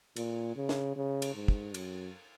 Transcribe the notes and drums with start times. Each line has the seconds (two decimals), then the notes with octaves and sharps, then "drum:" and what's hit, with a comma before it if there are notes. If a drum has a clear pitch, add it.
0.16 A#2, drum: cymbal
0.57 C#3
0.69 drum: snare
0.96 C#3
1.22 drum: cymbal
1.35 G#2
1.48 drum: kick
1.74 F#2, drum: cymbal